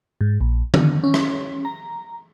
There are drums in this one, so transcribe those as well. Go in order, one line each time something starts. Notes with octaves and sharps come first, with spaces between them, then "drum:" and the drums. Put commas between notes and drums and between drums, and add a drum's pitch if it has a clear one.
G#2
A#1
D3, drum: tom D#3
C#4
drum: rim click
A#5